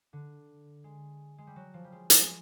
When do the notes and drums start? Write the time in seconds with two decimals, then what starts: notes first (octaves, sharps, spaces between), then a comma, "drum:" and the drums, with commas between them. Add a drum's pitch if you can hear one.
0.13 D3
0.84 G#3
1.38 G#3
1.47 G3
1.56 F#3
1.74 F3
1.84 G3
1.92 G#3
2.10 G#3, drum: hi-hat